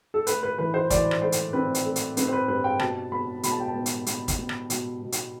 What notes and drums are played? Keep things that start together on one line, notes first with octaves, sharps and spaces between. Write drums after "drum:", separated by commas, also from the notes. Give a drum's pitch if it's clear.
A4
A3 B4, drum: hi-hat
B4
E3 B4
C5
E3 D5, drum: kick, hi-hat
drum: rim click
A3 C5
drum: hi-hat
C4 B4
drum: hi-hat
A3
drum: hi-hat
C4 B4, drum: hi-hat
C5
B4
G2 B4
G5
B2 A5, drum: rim click
B3 B5
B2 B5, drum: hi-hat
A5
G5
A5
B3
drum: hi-hat
B3, drum: hi-hat
drum: kick, hi-hat
B3
drum: rim click
B2, drum: hi-hat
B2
drum: hi-hat